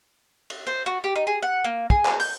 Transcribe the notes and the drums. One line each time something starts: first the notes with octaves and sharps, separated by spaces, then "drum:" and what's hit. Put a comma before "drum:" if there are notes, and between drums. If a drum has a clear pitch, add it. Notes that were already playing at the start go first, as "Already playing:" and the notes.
drum: cymbal
C5
F#4
G4
D#4
G#4
F#5
A#3
G#4, drum: kick
drum: clap
G6, drum: open hi-hat